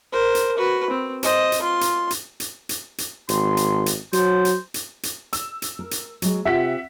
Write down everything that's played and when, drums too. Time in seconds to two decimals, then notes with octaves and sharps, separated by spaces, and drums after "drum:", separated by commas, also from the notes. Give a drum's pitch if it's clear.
0.12 A#4 C5
0.35 drum: hi-hat
0.58 F#4 B4
0.90 C4
1.23 C5 D#5, drum: hi-hat
1.52 drum: hi-hat
1.62 F4 C6
1.81 drum: hi-hat
2.10 drum: hi-hat
2.40 drum: hi-hat
2.69 drum: hi-hat
2.98 drum: hi-hat
3.29 G#1 C6, drum: hi-hat
3.57 drum: hi-hat
3.86 drum: hi-hat
4.13 F#3 C5, drum: hi-hat
4.45 drum: hi-hat
4.74 drum: hi-hat
5.03 drum: hi-hat
5.33 E6, drum: hi-hat
5.62 drum: hi-hat
5.79 A#4
5.91 drum: hi-hat
6.22 F#3 G#3, drum: hi-hat
6.45 C3 F4 G4 E5 F#5 B6